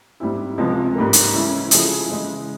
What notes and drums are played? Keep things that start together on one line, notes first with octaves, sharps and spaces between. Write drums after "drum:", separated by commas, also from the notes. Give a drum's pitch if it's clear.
G#2 G3 C4 E4
C#2 C3 F3 G#3
G#2 G3 A#3
drum: hi-hat
C#3 E3 G#3 C#4 E4
C#3 F3 G#3 E4 G#4, drum: hi-hat
C#3 E3 G#3